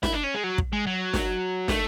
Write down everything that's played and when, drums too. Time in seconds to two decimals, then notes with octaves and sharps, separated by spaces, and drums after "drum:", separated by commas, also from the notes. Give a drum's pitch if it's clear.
0.03 E4, drum: snare
0.13 D4
0.24 C#4
0.35 G#3
0.44 F#3
0.58 drum: kick
0.73 G#3
0.87 F#3
1.14 drum: snare
1.68 A3, drum: snare